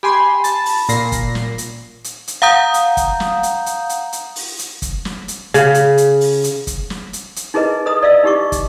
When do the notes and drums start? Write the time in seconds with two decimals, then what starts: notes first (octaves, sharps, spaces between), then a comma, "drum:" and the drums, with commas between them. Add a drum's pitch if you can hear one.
0.03 G4 G#5 B5 C6
0.44 A5, drum: hi-hat
0.66 drum: open hi-hat
0.89 A#2 A#6 C7, drum: hi-hat
1.12 drum: kick, hi-hat
1.35 drum: snare
1.58 drum: hi-hat
2.04 drum: hi-hat
2.28 drum: hi-hat
2.42 F5 F#5 A#5 D#6 G6
2.74 drum: hi-hat
2.97 drum: kick, hi-hat
3.20 drum: snare
3.43 drum: hi-hat
3.66 drum: hi-hat
3.89 drum: hi-hat
4.13 drum: hi-hat
4.36 drum: open hi-hat
4.59 drum: hi-hat
4.82 drum: kick, hi-hat
5.05 drum: snare
5.28 drum: hi-hat
5.54 C#3, drum: hi-hat
5.74 drum: hi-hat
5.98 drum: hi-hat
6.21 drum: open hi-hat
6.44 drum: hi-hat
6.67 drum: kick, hi-hat
6.90 drum: snare
7.13 drum: hi-hat
7.36 drum: hi-hat
7.54 D#4 E4 G#4 A#4 B4 D#5
7.86 A4 B4 D#5 A#5 D#6
8.02 D5 D#5 F5 E6
8.24 D#4 E4 G4 D#5 C#6 D6
8.52 drum: kick, hi-hat